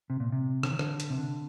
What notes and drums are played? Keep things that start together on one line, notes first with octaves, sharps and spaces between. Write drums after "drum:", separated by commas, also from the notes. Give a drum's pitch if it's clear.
C3
A#2
C3
D3, drum: rim click
D#3
D3, drum: rim click
drum: hi-hat
C3
D3